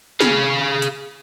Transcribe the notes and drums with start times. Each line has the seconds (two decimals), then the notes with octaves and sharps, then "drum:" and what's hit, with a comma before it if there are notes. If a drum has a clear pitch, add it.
0.21 G#4 F5, drum: snare
0.82 drum: hi-hat